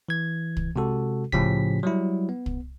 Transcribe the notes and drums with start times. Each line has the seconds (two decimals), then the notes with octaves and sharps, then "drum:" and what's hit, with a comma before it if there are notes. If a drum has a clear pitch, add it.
0.09 E3 G#6
0.57 drum: kick
0.76 C3 G#3 F#4 A4
1.32 A2 C#3 F3 C#4 G4 B6, drum: kick
1.83 F#3 G3 E4
2.29 B3
2.46 drum: kick